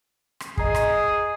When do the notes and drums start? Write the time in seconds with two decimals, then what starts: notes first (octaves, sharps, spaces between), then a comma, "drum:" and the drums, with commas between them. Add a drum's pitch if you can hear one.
0.40 drum: rim click
0.57 G#4 D#5 A#5 C7, drum: kick
0.75 drum: rim click